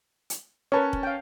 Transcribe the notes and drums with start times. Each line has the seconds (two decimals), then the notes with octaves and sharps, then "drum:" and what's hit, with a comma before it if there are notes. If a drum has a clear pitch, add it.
0.30 drum: hi-hat
0.72 C#4 A#4 B4 C#5 A5
0.93 drum: kick F1
1.03 F5 G5